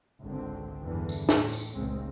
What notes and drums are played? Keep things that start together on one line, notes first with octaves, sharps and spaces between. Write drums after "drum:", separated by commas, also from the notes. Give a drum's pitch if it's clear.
G#1 C#2 D3 C4
E2 G2 D3 E3
drum: tambourine
A2, drum: snare
drum: tambourine
F1 C#2 A#2 C#3 G#3 C4